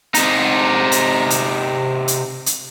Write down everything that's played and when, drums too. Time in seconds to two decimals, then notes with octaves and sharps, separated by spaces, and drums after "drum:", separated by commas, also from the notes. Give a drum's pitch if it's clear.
0.14 C3 D#4, drum: hi-hat
0.92 drum: hi-hat
1.30 drum: hi-hat
2.08 drum: hi-hat
2.46 drum: hi-hat